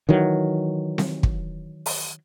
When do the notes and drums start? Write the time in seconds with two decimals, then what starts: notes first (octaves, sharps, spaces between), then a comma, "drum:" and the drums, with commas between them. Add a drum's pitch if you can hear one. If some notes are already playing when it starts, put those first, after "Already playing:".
0.09 D#3 E3 F#3
0.98 drum: snare C4
1.23 drum: kick
1.86 drum: open hi-hat